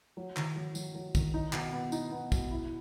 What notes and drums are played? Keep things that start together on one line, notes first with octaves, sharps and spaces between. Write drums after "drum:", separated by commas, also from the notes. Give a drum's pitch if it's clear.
F#3
D#3, drum: clap
F#3
F#3, drum: tambourine
F#3
D#3, drum: kick, tambourine
D#4
B2, drum: clap
B3
D#4, drum: tambourine
B3
B2, drum: kick, tambourine
E4